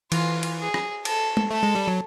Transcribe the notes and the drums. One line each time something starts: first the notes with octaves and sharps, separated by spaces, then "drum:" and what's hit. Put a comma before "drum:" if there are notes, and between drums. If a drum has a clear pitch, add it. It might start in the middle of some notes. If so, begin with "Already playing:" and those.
E3 F4, drum: cymbal
drum: cymbal
G#4
drum: rim click
A4, drum: cymbal
drum: tom G#3
A3 A4
G#3
G3
F#3